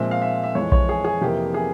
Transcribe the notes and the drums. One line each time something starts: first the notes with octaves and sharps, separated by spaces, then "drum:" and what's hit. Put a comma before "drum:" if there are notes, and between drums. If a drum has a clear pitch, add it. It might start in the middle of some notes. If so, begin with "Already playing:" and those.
Already playing: A#2 F3 G#3 C4 E5
F5
E5
E5
F2 E3 G#3 C#5
C#5, drum: kick A#1
G#4
G#4
F2 C3 E3 A#3 G4
G#4